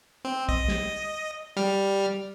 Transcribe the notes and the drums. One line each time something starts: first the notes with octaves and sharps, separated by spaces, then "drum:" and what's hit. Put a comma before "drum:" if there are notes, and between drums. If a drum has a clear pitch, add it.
C4
D#5, drum: kick
drum: snare
G3 F6